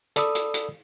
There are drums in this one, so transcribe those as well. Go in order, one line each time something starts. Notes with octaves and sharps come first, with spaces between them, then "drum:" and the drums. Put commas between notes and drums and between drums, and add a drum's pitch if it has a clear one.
A4 D5 B5 D#6 E6, drum: hi-hat
drum: hi-hat
drum: hi-hat